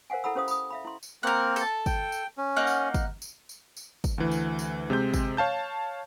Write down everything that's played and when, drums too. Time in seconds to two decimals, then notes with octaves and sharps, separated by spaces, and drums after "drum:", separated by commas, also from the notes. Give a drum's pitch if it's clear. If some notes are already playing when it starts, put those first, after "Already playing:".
0.10 A#4 C5 F5 F#5 G#5
0.24 E4 A4 F#5 B5 E6
0.35 C#4 G4 C5 F5 D#6
0.48 B5 D#6, drum: tambourine
0.70 E5 F5 B5
0.85 E4 C6
1.03 drum: tambourine
1.23 A#3 C4 A#4 F#5
1.56 A4 A5, drum: tambourine
1.86 G5, drum: kick, tambourine
2.12 drum: tambourine
2.38 C#4
2.57 A#3 D#4 F#5
2.67 drum: tambourine
2.94 drum: kick, tambourine
3.22 drum: tambourine
3.49 drum: tambourine
3.77 drum: tambourine
4.04 drum: kick, tambourine
4.18 D2 E3
4.31 drum: tambourine
4.59 drum: tambourine
4.90 C3 G#3 C4 G6
5.14 drum: kick, tambourine
5.37 C#5 F5 A5 G6